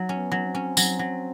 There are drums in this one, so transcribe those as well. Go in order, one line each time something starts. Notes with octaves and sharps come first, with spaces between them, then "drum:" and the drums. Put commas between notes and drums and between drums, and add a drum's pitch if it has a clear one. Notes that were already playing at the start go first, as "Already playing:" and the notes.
Already playing: F#3
C#4
B3
F#3
C4
C#4
F#3, drum: tambourine
F#3